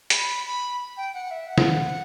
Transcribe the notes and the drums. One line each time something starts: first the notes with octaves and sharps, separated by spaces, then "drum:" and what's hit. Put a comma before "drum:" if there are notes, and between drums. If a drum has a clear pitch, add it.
B5, drum: hi-hat
B5
G5
F#5
E5
F#5
drum: snare